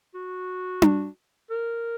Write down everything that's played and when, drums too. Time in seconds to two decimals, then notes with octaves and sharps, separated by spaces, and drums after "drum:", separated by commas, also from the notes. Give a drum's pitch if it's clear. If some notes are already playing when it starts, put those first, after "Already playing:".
0.14 F#4
0.82 drum: tom D4
1.50 A#4